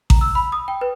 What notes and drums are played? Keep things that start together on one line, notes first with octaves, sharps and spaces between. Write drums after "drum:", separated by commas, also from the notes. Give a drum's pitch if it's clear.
A#5, drum: kick A1
E6
B5
D#6
G5
B4